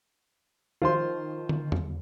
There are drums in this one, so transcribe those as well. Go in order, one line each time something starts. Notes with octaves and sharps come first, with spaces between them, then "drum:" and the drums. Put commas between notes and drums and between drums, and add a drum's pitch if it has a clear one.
D#3 F3 F4 C5 C6
drum: tom
drum: tom